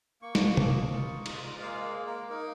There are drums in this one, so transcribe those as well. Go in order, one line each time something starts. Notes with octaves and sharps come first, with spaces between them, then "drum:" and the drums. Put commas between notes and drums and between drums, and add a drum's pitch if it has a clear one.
A#3 C#6
drum: snare
D#4, drum: tom
F4
G#3, drum: cymbal
A#3 F5
A#3
A#4
D#4 A#4